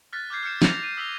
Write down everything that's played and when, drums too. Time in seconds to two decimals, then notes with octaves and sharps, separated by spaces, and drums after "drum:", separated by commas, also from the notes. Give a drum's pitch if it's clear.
0.13 F6 F#6 A6 B6
0.30 D6 F6 G6 G#6 C7
0.43 F6 G6 C#7 E7
0.62 F6 A#6 F7, drum: snare
0.83 D#7 E7
0.97 D#6 E6 B6 F7 G7